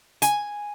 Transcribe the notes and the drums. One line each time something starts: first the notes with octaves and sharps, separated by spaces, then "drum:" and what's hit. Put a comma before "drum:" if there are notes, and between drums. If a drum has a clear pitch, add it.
G#5, drum: hi-hat